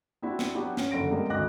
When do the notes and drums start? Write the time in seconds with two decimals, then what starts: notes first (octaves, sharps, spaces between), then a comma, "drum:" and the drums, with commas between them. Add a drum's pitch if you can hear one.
0.22 C4 D4 E4 F#4
0.39 drum: snare
0.55 F#3 B3 D4 E4 F#4 G4
0.77 C#4, drum: snare
0.91 F#1 D3 A#6 D7
1.10 C3 G3 G#3 A#3
1.30 G#1 D2 D#5 D6 F#6 A#6